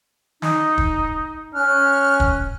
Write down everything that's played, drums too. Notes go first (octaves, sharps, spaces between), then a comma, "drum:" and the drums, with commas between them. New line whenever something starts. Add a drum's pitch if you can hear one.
D#4, drum: snare
drum: kick
C#4 F6 F#6
drum: kick